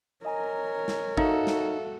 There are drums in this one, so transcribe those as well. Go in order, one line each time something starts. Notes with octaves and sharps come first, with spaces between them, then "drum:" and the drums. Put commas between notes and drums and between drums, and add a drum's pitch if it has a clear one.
A#4 C#5 D#5 G#5 A#5
drum: snare
D#4 F#4 A4 E5 F5, drum: kick
drum: snare